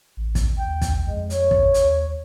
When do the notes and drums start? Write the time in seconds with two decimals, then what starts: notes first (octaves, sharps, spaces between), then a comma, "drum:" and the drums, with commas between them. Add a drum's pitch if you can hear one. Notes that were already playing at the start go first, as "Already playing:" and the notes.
0.17 A1
0.35 drum: kick, hi-hat
0.57 D#2 G5
0.81 drum: kick, hi-hat
1.05 F2 G#3
1.30 C#5, drum: hi-hat
1.51 drum: kick
1.74 D#2, drum: hi-hat